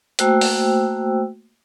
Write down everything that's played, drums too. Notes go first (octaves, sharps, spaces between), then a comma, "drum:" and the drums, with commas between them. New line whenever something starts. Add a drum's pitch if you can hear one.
A3 A#3 F#4 C5 G5 E6, drum: hi-hat
drum: open hi-hat